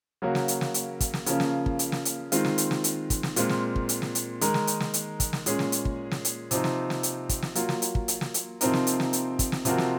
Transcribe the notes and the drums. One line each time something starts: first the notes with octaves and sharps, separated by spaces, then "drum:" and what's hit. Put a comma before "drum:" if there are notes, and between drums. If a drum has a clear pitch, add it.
C#3 F#3 A#3 C#4 F#4
drum: snare
drum: hi-hat
drum: snare
drum: hi-hat
drum: kick, hi-hat
drum: snare
C#3 F3 A#3 C#4, drum: hi-hat
drum: snare
drum: kick
drum: hi-hat
drum: snare
drum: hi-hat
D#3 G#3 C4 F4, drum: hi-hat
drum: snare
drum: hi-hat
drum: snare
drum: hi-hat
drum: kick, hi-hat
drum: snare
A#2 G#3 C4 F4, drum: hi-hat
drum: snare
drum: kick
drum: hi-hat
drum: snare
drum: hi-hat
D#3 G#3 D#4 A#4, drum: hi-hat
drum: snare
drum: hi-hat
drum: snare
drum: hi-hat
drum: kick, hi-hat
drum: snare
A#2 G#3 C#4 G#4, drum: hi-hat
drum: snare
drum: hi-hat
drum: kick
drum: snare
drum: hi-hat
C3 F3 C4 D#4, drum: hi-hat
drum: snare
drum: snare
drum: hi-hat
drum: kick, hi-hat
drum: snare
F#3 A#3 F4, drum: hi-hat
drum: snare
drum: hi-hat
drum: kick
drum: hi-hat
drum: snare
drum: hi-hat
C3 F3 C4 D#4 A#4, drum: hi-hat
drum: snare
drum: hi-hat
drum: snare
drum: hi-hat
drum: kick, hi-hat
drum: snare
C3 F3 C4 F#4 A#4, drum: hi-hat
drum: snare